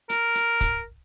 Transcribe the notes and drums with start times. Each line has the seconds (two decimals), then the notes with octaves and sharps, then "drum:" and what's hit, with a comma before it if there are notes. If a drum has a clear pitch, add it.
0.09 A#4, drum: hi-hat
0.35 drum: hi-hat
0.61 drum: kick, hi-hat